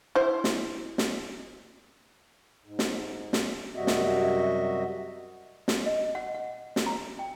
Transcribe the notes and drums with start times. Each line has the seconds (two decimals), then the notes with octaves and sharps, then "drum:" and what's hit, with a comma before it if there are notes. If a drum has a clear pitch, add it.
0.15 E4 C5
0.44 drum: snare
0.98 drum: snare
2.65 G#2
2.79 drum: snare
3.33 drum: snare
3.76 F#2 C3 G3 F#4 D#5 E5
3.87 drum: snare
5.68 drum: snare
5.86 D#5
6.15 F#5
6.34 F#5
6.76 drum: snare
6.86 A#5
7.19 G5